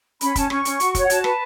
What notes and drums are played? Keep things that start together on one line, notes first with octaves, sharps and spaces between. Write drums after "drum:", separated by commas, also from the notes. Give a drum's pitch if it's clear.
C#4 B5, drum: hi-hat
C#4 A5, drum: kick, hi-hat
C#4 C#6, drum: rim click
C#4, drum: hi-hat
F#4, drum: hi-hat
C#5, drum: kick, hi-hat
F#5
F#4 A5, drum: hi-hat
B4, drum: rim click